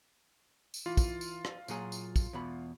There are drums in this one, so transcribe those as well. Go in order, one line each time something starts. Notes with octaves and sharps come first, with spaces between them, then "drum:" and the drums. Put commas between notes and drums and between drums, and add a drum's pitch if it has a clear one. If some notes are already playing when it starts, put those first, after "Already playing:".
drum: tambourine
E3 F4
drum: kick, tambourine
drum: tambourine
drum: rim click
A#2 F#3 G#4, drum: tambourine
drum: tambourine
drum: kick, tambourine
E2 B2 B5